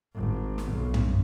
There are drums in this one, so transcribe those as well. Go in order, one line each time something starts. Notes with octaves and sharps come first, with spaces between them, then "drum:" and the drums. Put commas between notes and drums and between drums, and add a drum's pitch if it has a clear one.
G#1
drum: snare
B1
drum: tom